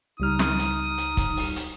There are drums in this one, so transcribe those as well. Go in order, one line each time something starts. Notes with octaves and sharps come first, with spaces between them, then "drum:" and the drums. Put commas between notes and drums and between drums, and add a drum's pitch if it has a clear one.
C#2 G3 D#4 D#6 F6
drum: snare
drum: hi-hat
drum: hi-hat
drum: kick, hi-hat
drum: open hi-hat
drum: hi-hat